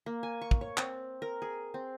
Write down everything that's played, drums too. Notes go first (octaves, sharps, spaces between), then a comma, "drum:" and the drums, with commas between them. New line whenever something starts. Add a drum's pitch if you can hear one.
A#3
G#5
C#6
drum: kick
C#5
C4, drum: clap
A#4
G#4
C4